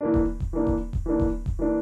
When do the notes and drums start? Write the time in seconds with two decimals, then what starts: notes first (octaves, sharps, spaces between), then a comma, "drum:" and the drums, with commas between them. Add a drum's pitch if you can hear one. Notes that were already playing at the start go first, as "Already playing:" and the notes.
0.01 E3 A#3 D4
0.14 drum: kick D#1
0.40 drum: kick D#1
0.53 E3 A#3 D4
0.67 drum: kick D#1
0.93 drum: kick D#1
1.06 E3 A#3 D4
1.20 drum: kick D#1
1.46 drum: kick D#1
1.59 E3 A#3 D4